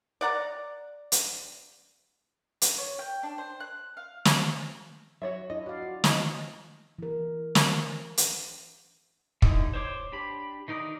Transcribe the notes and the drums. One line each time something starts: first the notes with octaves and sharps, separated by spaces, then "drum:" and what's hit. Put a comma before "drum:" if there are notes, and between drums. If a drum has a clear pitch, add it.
D5 F#5 A#5
drum: hi-hat
drum: hi-hat
C#5
G5
D4
C5
F#6
F5
drum: snare
F#3 F#4 C#5 E5
D4 E4 F4 D#5
F#4 D5 F5
F4
A#3 D#4 E4 D#5, drum: snare
E3 A#4
drum: snare
drum: hi-hat
D3 G3 D#4 E4, drum: kick
C5 C#5 C6 D6
D4 G4 B5
D#3 D#4 A#4 D5 D#6